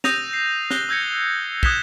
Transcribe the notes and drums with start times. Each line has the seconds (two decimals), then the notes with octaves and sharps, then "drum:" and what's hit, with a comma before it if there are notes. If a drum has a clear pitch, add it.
0.04 D#6 E6 G6 A#6 D#7 F7, drum: snare
0.33 C7
0.71 F#6 G6 A#6 G7, drum: snare
0.89 E6 G6 G#6 A#6 C#7
1.63 D#6 F#6 G#6 B6 E7 G7, drum: kick